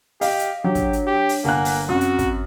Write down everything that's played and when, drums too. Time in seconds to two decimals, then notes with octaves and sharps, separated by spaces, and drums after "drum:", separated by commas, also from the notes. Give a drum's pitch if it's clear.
0.21 G4 D#5 F5, drum: open hi-hat
0.39 drum: hi-hat
0.64 F#3 D4 G4 C#5
0.75 drum: kick, hi-hat
0.93 drum: hi-hat
1.07 G4
1.29 drum: open hi-hat
1.45 G1 A#3 F#5 G#5 F#6
1.65 drum: open hi-hat
1.89 F#2 C4 F#4
2.01 drum: hi-hat
2.19 drum: kick, hi-hat